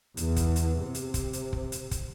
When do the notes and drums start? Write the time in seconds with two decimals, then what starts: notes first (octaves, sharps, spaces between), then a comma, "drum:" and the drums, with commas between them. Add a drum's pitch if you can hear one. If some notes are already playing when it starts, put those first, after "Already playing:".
0.17 E2, drum: hi-hat
0.36 drum: kick, hi-hat
0.56 drum: hi-hat
0.84 C3
0.95 drum: hi-hat
1.14 drum: kick, hi-hat
1.33 drum: hi-hat
1.53 drum: kick
1.72 drum: hi-hat
1.91 drum: kick, hi-hat